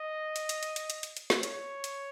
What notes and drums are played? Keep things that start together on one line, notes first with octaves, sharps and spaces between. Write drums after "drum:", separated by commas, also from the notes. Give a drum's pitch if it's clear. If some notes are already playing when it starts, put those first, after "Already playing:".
Already playing: D#5
drum: hi-hat
drum: hi-hat
drum: hi-hat
drum: hi-hat
drum: hi-hat
drum: hi-hat
drum: hi-hat
drum: snare
C#5, drum: hi-hat
drum: hi-hat